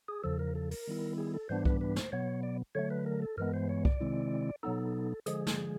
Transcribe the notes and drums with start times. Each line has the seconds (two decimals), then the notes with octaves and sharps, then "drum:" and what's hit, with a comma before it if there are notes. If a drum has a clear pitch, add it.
0.08 G#4
0.24 E2 C#3 F3 A4
0.39 A#4
0.55 A4
0.71 A#4, drum: open hi-hat
0.87 D#3 G3 B3 E4
1.18 G#4
1.34 A4
1.49 G#2 E3 G3 B3 D4 C5
1.65 B4, drum: kick C2
1.81 B4
1.96 C5, drum: snare
2.12 B2 F#3 B3 C#5
2.43 D5
2.75 D3 F#3 A3 C#5
2.90 B4
3.06 A#4
3.22 A4
3.37 G2 E3 G#3 B3 A#4
3.54 C5
3.69 C#5
3.85 D5, drum: kick C2
4.00 C3 D#3 G#3 C4 E4
4.63 B2 F#3 B3 D#4 A4
5.26 D3 F3 G#3 G#4, drum: hi-hat
5.47 drum: snare